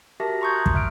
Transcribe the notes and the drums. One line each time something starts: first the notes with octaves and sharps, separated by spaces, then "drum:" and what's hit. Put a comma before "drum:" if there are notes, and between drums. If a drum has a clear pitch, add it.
F#4 G4 A#4 E5 A5 A#6
A#5 C6 C#6 D#6 G6 G#6
F#6 G#6
drum: kick
E5 F6 D7